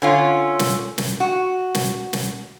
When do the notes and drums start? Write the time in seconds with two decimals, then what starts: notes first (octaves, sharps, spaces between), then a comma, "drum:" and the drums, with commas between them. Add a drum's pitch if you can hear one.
0.02 D3 C#4 F4
0.59 drum: snare
0.98 drum: snare
1.20 F#4
1.75 drum: snare
2.13 drum: snare